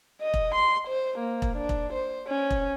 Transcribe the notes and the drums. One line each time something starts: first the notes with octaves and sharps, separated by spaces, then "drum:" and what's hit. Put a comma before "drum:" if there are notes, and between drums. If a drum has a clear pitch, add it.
D#5
drum: kick E1
C6
C5
A#3
drum: kick E1
D4
drum: kick E1
C5
C#4
drum: kick E1